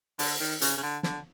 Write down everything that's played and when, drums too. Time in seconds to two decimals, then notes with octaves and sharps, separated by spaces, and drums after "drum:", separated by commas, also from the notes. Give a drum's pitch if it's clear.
0.19 D3, drum: open hi-hat
0.40 D#3
0.61 C#3, drum: hi-hat
0.78 C#3
0.83 D3
1.03 D3, drum: snare